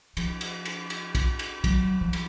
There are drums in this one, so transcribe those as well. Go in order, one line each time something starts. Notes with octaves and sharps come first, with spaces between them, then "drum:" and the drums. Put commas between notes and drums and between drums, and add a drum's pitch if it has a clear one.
F3, drum: cymbal
drum: cymbal
drum: cymbal
drum: cymbal
drum: kick, cymbal
drum: cymbal
F#3, drum: kick, cymbal
F#3
F3
drum: cymbal